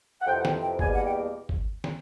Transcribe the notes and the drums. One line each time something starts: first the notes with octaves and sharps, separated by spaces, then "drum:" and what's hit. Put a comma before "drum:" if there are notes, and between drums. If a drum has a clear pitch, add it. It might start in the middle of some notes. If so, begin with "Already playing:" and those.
F#5
F2 C3 E3 G5
F#5
G5, drum: snare
G5
E2 B2 G3 A#3 G#5, drum: kick G1
F#5
G5
drum: kick G1
drum: snare